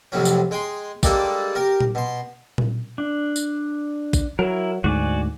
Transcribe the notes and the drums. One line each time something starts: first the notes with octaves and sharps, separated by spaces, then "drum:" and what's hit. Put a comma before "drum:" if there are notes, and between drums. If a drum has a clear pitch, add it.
F2 A2 C3 F#3 C#4
drum: tambourine
G#3 G5 G#5 C6
G3 G#3 A#3 D4 G4 A4, drum: kick, tambourine
G4 A#4
drum: tom A#2
B2 C6
drum: tom A#2
D4
drum: tambourine
drum: kick, tambourine
F#3 E4 A#4
D2 G#2 F#4 D5 G#5